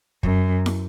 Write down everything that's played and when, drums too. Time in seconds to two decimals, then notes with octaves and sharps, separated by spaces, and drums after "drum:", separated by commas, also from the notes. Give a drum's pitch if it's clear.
0.23 F#2, drum: kick
0.66 drum: snare